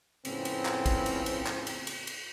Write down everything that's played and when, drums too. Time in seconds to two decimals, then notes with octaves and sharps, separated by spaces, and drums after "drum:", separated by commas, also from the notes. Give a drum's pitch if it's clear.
0.25 F2 A2 C#3 B3 C4, drum: cymbal
0.45 drum: cymbal
0.65 drum: clap
0.86 drum: kick, cymbal
1.06 drum: cymbal
1.26 drum: cymbal
1.46 drum: clap
1.67 drum: cymbal
1.87 drum: cymbal
2.07 drum: cymbal